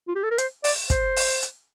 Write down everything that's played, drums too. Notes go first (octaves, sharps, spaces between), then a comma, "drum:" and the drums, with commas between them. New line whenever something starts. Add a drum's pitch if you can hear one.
F4
G4
A4
A#4
C5, drum: hi-hat
D5, drum: open hi-hat
C5, drum: kick, hi-hat
drum: open hi-hat
drum: hi-hat